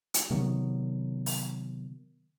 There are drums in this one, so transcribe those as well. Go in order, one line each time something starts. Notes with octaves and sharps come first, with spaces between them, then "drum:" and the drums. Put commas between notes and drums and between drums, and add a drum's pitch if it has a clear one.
drum: hi-hat
C3 D#3 F#3 B3
drum: open hi-hat